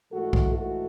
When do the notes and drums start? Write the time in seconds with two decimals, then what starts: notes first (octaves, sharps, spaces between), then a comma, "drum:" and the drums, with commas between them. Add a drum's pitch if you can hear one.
0.11 G#2 E3 A3 F#4 A4
0.33 drum: kick B1
0.54 F#4 A4